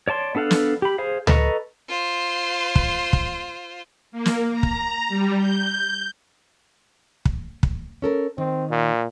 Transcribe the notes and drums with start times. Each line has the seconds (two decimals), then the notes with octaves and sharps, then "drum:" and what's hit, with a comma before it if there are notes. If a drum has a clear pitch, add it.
0.08 C#5 D5 A5 C6
0.35 B3 D4 A4 F5 F#5
0.51 drum: snare
0.82 G4 B5
0.98 G#4 C5 F5
1.27 A4 B4 D#5 A#5 C#6, drum: tom C#2
1.89 F4 C5
2.76 drum: kick
3.13 drum: kick
4.12 A#3
4.26 drum: snare
4.52 A#5
4.63 drum: kick
5.09 G3
5.38 G6
7.25 drum: kick
7.63 drum: kick
8.02 C#4 A4 A#4
8.38 D#3 C4
8.70 A#2